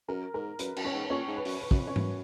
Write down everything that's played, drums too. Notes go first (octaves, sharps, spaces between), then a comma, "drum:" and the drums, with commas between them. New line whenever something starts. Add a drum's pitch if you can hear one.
F#2 A#4
G#2 A#4
F#2 B4, drum: hi-hat
F#2, drum: cymbal
C#4 C#5
G#2
A#2 C#4 C#5
G#2
B4
F#2, drum: open hi-hat
B4
F#2, drum: kick
F2
C#4 C#5
F#2, drum: tom G#2